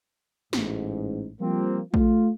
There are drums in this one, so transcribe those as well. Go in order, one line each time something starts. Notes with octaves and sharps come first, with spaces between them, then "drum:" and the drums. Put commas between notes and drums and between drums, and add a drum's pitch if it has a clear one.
A1 G#2, drum: snare
F3 G3 A#3 C4
A3 F4, drum: kick